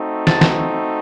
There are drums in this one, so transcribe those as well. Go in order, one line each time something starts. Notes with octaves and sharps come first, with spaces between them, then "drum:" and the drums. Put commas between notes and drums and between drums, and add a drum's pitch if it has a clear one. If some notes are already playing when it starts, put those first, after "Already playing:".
Already playing: A3 C4 D#4 F#4
A5, drum: snare
drum: snare